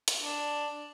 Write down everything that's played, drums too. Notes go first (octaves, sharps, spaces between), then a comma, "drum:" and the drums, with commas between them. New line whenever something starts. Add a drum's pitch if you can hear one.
drum: hi-hat
D4